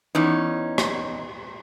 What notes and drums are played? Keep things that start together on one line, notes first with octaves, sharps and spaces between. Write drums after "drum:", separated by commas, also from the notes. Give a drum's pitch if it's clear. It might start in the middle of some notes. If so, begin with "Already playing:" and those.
E2 C#4 D#4
drum: rim click